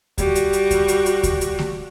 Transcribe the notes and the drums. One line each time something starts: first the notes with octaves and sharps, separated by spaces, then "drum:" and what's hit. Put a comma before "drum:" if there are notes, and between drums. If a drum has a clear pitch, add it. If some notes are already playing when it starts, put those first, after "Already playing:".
G3 F#4, drum: kick D2, hi-hat
drum: hi-hat
drum: hi-hat
drum: kick D2, hi-hat
drum: hi-hat
drum: hi-hat
drum: kick D2, hi-hat
drum: hi-hat
drum: snare A3